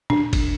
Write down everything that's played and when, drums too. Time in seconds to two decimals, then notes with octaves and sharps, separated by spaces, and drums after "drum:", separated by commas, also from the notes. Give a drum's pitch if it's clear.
0.10 D4, drum: tom A#2
0.33 drum: kick G1, cymbal